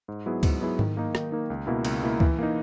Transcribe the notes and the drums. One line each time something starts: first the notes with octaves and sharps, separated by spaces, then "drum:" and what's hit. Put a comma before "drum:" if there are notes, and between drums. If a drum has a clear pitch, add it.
G#2
F#3 B3 E4 G#4
G#2, drum: kick, cymbal
F#3 B3 E4 G#4
D#3, drum: tom G#2
A#3 D#4
D#3, drum: rim click
A#3 D#4
C#2
B2 A#3 E4
C#2, drum: cymbal
B2 A#3 E4
E3, drum: kick
A#3 D#4